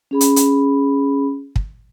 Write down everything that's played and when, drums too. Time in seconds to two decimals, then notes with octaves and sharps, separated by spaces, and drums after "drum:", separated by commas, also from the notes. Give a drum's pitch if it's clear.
0.11 C#4 G#4 B5
0.21 drum: hi-hat
0.36 drum: hi-hat
1.56 drum: kick